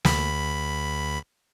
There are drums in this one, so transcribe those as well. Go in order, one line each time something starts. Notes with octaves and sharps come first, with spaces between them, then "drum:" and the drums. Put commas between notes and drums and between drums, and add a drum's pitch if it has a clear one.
D2 B5, drum: snare